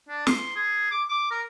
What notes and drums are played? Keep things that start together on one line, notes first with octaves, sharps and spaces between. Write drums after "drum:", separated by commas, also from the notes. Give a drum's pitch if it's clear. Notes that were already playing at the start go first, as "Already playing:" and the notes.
D4
C6, drum: snare
G#4
D6
D6
A#4